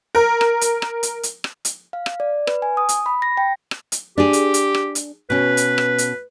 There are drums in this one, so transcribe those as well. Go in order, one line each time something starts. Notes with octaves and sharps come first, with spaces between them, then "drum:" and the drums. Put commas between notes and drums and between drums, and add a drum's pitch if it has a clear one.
A#4
drum: rim click
drum: hi-hat
drum: rim click
drum: hi-hat
drum: hi-hat
drum: rim click
drum: hi-hat
F5
drum: rim click
D5
B4, drum: rim click
G#5
D#6
drum: hi-hat
B5
A#6
G5
drum: rim click
drum: hi-hat
D4 G4 G#4
drum: hi-hat
drum: hi-hat
drum: rim click
drum: hi-hat
B2 C#4 B4
drum: hi-hat
drum: rim click
drum: hi-hat